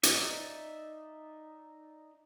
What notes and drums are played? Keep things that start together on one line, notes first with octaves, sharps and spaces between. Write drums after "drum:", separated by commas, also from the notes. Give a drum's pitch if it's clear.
D#4 D5 E5, drum: hi-hat